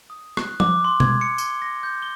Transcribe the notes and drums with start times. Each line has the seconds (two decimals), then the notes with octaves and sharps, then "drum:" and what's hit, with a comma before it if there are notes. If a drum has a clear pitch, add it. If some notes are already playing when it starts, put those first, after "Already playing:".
0.10 D#6
0.37 F#6, drum: rim click
0.60 D6, drum: tom F3
0.84 C6
1.00 G#6, drum: tom B2
1.21 C#7
1.38 G7, drum: tambourine
1.62 A#6
1.83 G6
2.02 G7